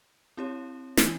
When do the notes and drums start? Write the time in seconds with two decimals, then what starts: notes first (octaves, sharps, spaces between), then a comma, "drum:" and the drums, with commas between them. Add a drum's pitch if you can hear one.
0.37 C4 E4 G4 C#5
0.97 E3, drum: snare